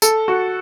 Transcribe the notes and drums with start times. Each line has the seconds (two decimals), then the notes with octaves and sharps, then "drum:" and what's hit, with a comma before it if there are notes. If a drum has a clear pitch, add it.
0.02 A4, drum: tambourine
0.28 F#4